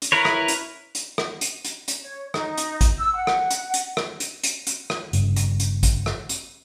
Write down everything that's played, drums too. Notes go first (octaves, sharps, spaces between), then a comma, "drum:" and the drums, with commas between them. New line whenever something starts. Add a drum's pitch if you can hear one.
drum: hi-hat
E4 A#4 B4 C#5
drum: rim click
drum: hi-hat
drum: hi-hat
drum: rim click
drum: hi-hat
drum: hi-hat
drum: hi-hat
C#5
D#4, drum: rim click
drum: hi-hat
drum: kick A1, hi-hat
E6
F#5
drum: rim click
drum: hi-hat
drum: hi-hat
drum: rim click
drum: hi-hat
drum: hi-hat
drum: hi-hat
drum: rim click
G1 G2 C#3, drum: hi-hat
drum: hi-hat
drum: hi-hat
drum: kick A1, hi-hat
drum: rim click
drum: hi-hat